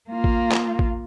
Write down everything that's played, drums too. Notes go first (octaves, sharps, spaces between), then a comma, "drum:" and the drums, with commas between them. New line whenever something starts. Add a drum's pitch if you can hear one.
A#3 F4
drum: kick A1
drum: clap
drum: kick A1